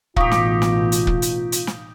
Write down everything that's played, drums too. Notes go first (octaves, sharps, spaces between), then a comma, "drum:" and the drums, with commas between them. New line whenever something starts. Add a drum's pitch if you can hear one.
A1 B2 D#4 F4 G4 F5 C#6 D#6, drum: kick
drum: snare
drum: snare
drum: hi-hat
drum: kick
drum: hi-hat
drum: hi-hat
drum: snare